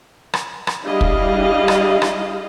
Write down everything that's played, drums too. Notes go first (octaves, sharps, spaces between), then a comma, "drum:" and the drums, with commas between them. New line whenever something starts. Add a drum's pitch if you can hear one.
drum: rim click
drum: rim click
G3 D4 E4 G#4 D#5 F5
drum: kick
drum: rim click
drum: rim click